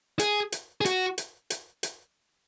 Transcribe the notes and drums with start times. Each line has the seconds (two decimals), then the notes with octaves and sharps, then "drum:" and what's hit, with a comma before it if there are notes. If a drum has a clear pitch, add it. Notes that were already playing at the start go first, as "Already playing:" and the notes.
0.19 G#4, drum: hi-hat
0.52 drum: hi-hat
0.81 G#4
0.85 F#4, drum: hi-hat
1.18 drum: hi-hat
1.50 drum: hi-hat
1.83 drum: hi-hat